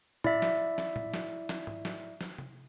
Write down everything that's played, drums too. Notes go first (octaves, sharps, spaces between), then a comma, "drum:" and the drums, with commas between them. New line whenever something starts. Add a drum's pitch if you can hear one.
E4 D5 E5, drum: tom A2
drum: snare
drum: snare
drum: tom A2
drum: snare
drum: snare
drum: tom G#2
drum: snare
drum: snare
drum: tom C3